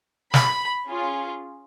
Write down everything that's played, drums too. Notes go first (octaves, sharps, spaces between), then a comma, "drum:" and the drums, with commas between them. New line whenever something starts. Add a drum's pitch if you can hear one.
B5, drum: snare
C#4 F4 G#4